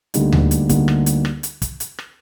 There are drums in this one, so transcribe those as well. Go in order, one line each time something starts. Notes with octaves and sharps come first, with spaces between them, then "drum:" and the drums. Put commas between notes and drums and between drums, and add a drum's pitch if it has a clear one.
D2 D3 G3 A#3 D#4, drum: hi-hat
drum: tom D2
drum: hi-hat
D2 D3 G3 A#3 D#4, drum: kick, hi-hat
drum: rim click
drum: hi-hat
drum: rim click
drum: hi-hat
drum: kick, hi-hat
drum: hi-hat
drum: rim click